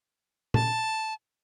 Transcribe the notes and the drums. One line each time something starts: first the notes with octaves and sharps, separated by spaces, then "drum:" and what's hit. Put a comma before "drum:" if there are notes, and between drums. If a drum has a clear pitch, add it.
A5, drum: tom A#2